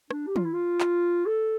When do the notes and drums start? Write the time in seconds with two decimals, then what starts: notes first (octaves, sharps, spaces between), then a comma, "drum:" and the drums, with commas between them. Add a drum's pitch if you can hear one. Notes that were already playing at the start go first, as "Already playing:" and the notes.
0.11 D4, drum: rim click
0.27 G4
0.36 F4, drum: tom
0.44 E4
0.53 F4
0.80 drum: clap
1.26 A4